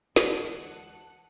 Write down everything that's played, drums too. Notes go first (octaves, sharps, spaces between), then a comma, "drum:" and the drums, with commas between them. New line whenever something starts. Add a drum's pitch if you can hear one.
E1 D2 E3 B4 F#5 A5, drum: snare